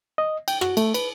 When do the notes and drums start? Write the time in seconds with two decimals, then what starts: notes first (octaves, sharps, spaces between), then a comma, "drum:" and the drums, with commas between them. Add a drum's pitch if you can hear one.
0.18 D#5
0.48 G5, drum: cymbal
0.61 F#4, drum: rim click
0.77 A3, drum: cymbal
0.94 B4, drum: cymbal